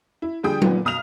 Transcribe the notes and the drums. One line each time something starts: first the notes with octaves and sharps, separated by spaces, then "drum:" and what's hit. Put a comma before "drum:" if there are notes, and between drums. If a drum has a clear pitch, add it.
E4
D3 F3 G3 G#4 G5 D#6
A#2 D#3 F3 B3, drum: tom F#3
B1 D#6 F6 F7